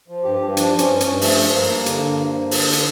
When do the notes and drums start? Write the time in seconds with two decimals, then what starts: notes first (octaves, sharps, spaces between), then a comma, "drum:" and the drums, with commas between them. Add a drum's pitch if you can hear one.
0.08 F3
0.24 G2 G4
0.41 G2
0.57 F3 D4, drum: hi-hat
0.72 F3
0.79 C#4, drum: hi-hat
0.89 G2
1.01 C#4, drum: hi-hat
1.06 G2
1.21 F3 A3, drum: open hi-hat
1.38 F3
1.54 G2 A#3
1.70 G2
1.86 D3, drum: hi-hat
2.02 G2
2.19 F3
2.35 G2
2.51 D3, drum: open hi-hat
2.73 drum: hi-hat